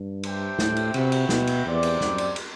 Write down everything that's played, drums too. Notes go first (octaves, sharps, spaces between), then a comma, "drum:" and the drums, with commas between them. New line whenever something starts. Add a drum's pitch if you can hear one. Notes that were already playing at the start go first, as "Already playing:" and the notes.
Already playing: G2
D4 G4 C5 E5 G5, drum: cymbal
A2, drum: snare
drum: cymbal
C3 F#4 B4 E5 G5, drum: cymbal
drum: cymbal
B2, drum: snare
drum: cymbal
E2 C4 G4 D5
drum: cymbal
F#2, drum: snare
drum: cymbal
drum: cymbal